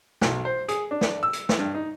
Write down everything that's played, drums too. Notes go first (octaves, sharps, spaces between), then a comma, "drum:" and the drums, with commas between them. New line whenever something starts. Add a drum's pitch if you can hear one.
B1, drum: snare
C5
G#4, drum: hi-hat
D4
drum: snare
E6
drum: hi-hat
drum: snare
G2
D#4